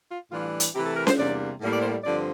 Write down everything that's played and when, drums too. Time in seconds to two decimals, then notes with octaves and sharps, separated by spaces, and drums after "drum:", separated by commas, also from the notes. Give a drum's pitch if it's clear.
0.10 F4
0.32 A2 E3 G3 D4 F4
0.60 drum: hi-hat
0.74 C3 E3 A3 E4 G4
0.86 A4
0.96 A#4
1.07 C5, drum: snare C#4
1.17 E2 C3 G3 A#3 D4 D5
1.60 A2 G3 A#3
1.71 D5
1.82 C5
2.03 G2 D3 F3 C4 D5